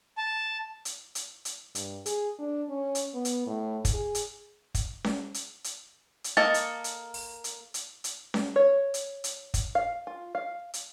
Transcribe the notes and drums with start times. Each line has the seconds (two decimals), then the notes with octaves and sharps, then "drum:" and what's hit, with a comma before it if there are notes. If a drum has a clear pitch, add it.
0.18 A5
0.85 drum: hi-hat
1.15 drum: hi-hat
1.45 drum: hi-hat
1.75 G2, drum: hi-hat
2.06 G#4, drum: hi-hat
2.39 D4
2.69 C#4
2.95 drum: hi-hat
3.14 B3
3.25 drum: hi-hat
3.47 A2
3.85 drum: kick, hi-hat
3.94 G#4
4.15 drum: hi-hat
4.75 drum: kick, hi-hat
5.04 drum: snare C#4
5.34 drum: hi-hat
5.64 drum: hi-hat
6.24 drum: hi-hat
6.37 A#3 A4 D#5 A5
6.54 drum: hi-hat
6.84 drum: hi-hat
7.14 drum: open hi-hat
7.44 drum: hi-hat
7.74 drum: hi-hat
8.04 drum: hi-hat
8.34 drum: snare C#4
8.56 C#5
8.94 drum: hi-hat
9.24 drum: hi-hat
9.54 drum: kick, hi-hat
9.75 F5
10.07 F4
10.35 F5
10.74 drum: hi-hat